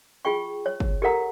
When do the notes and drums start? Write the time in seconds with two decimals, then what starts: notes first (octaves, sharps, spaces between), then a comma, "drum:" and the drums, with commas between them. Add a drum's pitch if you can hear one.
0.25 F4 G#4 G5 C#6
0.66 C#5
0.80 drum: kick
1.02 G4 A4 A#4 F#5 A#5